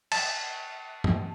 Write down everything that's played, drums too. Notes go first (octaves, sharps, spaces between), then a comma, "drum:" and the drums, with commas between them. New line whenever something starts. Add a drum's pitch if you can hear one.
A5, drum: cymbal
drum: tom G2